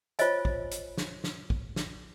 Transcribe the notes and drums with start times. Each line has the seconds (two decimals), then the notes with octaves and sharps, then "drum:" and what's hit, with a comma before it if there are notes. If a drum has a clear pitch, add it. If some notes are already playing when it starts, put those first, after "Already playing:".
0.19 F4 C5 C#5 D#5 G#5, drum: hi-hat
0.45 drum: kick
0.71 drum: hi-hat
0.98 drum: snare
1.24 drum: snare
1.50 drum: kick
1.76 drum: snare